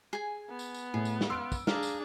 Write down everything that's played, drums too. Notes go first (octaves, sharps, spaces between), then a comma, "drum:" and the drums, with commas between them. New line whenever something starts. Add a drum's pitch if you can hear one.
G#4 G#5
B3
drum: tambourine
drum: tambourine
A2 G#4
drum: tambourine
drum: snare
F5 C6 E6 D7
drum: kick, tambourine
D4 G#4 F5 A#5, drum: snare
drum: tambourine